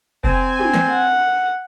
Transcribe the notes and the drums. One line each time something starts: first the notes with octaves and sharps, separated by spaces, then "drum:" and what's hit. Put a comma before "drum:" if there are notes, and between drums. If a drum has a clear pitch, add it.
C4 G#5, drum: kick F1
drum: tom
drum: snare
F#5